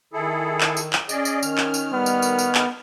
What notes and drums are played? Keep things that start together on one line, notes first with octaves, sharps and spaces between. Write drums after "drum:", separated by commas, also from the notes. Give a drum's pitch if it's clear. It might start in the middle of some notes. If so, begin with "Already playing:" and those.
D#3 E4 G#4 A4
drum: clap
drum: tambourine
drum: clap
C#4 G#4 D5 D#5, drum: tambourine
drum: tambourine
D#3 F6, drum: tambourine
drum: clap
drum: tambourine
G3 B3
drum: tambourine
drum: tambourine
drum: tambourine
drum: clap